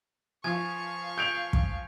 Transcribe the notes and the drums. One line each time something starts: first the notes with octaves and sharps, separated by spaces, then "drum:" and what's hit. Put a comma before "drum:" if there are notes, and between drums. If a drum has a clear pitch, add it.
F3 F5 G#5 C#6 G#6
G6 G#6 C#7 D7 F7
drum: kick